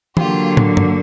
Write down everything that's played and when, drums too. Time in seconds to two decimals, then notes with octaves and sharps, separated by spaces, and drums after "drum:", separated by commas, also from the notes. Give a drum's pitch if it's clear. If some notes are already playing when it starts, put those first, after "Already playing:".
0.17 D3 F#3 A#3 F4 G4, drum: tom
0.57 drum: tom
0.77 drum: tom G2